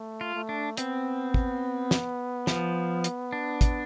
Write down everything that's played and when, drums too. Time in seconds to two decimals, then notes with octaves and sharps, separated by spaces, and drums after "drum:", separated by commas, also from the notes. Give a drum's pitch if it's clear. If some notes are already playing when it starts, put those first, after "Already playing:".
Already playing: A3
0.21 F4
0.35 A3
0.49 D4
0.77 B3 C4, drum: hi-hat
1.34 drum: kick
1.91 drum: snare
2.47 F3, drum: snare
3.04 drum: hi-hat
3.33 D4
3.61 drum: kick, hi-hat